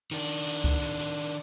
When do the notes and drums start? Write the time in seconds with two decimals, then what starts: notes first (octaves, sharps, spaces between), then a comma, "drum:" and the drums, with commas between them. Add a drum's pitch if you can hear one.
0.11 D#3 D4, drum: hi-hat
0.29 drum: hi-hat
0.47 drum: hi-hat
0.64 drum: kick C#2, hi-hat
0.82 drum: hi-hat
0.99 drum: hi-hat